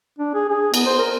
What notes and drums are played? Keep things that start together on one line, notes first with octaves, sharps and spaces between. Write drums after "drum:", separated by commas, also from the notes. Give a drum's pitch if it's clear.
D4
G#4
G#4
B3, drum: cymbal
C5
A#4